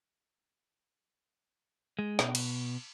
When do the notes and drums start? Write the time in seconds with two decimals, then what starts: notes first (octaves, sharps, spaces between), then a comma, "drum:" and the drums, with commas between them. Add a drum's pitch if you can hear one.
1.99 G#3
2.19 B2, drum: snare
2.35 drum: cymbal